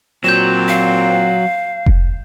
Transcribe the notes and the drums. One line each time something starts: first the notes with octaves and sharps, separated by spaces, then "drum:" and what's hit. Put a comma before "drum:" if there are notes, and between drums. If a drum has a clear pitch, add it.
A#2 F#3 C4 F#4 G6 E7
F5
drum: kick F1